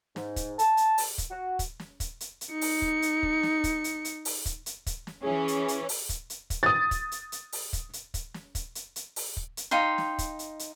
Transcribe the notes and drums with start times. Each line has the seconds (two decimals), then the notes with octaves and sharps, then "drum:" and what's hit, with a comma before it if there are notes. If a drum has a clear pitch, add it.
0.16 G#2, drum: snare
0.36 drum: kick, hi-hat
0.59 A5, drum: hi-hat
0.77 drum: hi-hat
0.98 drum: open hi-hat
1.18 drum: kick, hi-hat
1.30 F#4
1.59 drum: kick, hi-hat
1.80 drum: snare
2.00 drum: kick, hi-hat
2.20 drum: hi-hat
2.41 drum: hi-hat
2.52 D#4 C#7
2.61 drum: open hi-hat
2.82 drum: kick
3.02 drum: hi-hat
3.23 drum: kick
3.43 drum: snare
3.64 drum: kick, hi-hat
3.84 drum: hi-hat
4.05 drum: hi-hat
4.25 drum: open hi-hat
4.46 drum: kick, hi-hat
4.66 drum: hi-hat
4.86 drum: kick, hi-hat
5.07 drum: snare
5.23 E3 C#4 G#4
5.48 drum: hi-hat
5.68 drum: hi-hat
5.89 drum: open hi-hat
6.09 drum: kick, hi-hat
6.30 drum: hi-hat
6.50 drum: kick, hi-hat
6.63 D#6 A6
6.91 drum: kick, hi-hat
7.12 drum: hi-hat
7.32 drum: hi-hat
7.52 drum: open hi-hat
7.73 drum: kick, hi-hat
7.93 drum: hi-hat
8.14 drum: kick, hi-hat
8.34 drum: snare
8.55 drum: kick, hi-hat
8.75 drum: hi-hat
8.96 drum: hi-hat
9.16 drum: open hi-hat
9.37 drum: kick
9.57 drum: hi-hat
9.71 D#4 F5 G5 C6
9.98 drum: snare
10.19 drum: kick, hi-hat
10.39 drum: hi-hat
10.59 drum: hi-hat